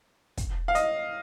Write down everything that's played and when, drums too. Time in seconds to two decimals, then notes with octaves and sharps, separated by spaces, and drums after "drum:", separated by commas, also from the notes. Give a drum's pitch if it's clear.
0.37 drum: kick, hi-hat
0.68 F5
0.75 D#5, drum: hi-hat